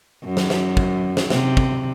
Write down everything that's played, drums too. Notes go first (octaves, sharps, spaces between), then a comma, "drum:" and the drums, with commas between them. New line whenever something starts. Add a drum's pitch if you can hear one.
F#2
drum: snare
drum: snare
drum: kick
drum: snare
C3, drum: snare
drum: kick